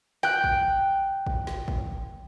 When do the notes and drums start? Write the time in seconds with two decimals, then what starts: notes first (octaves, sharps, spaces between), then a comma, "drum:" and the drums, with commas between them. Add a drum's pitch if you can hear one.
0.23 G5 F#6, drum: snare
0.44 drum: kick
1.27 drum: kick
1.47 drum: snare
1.68 drum: kick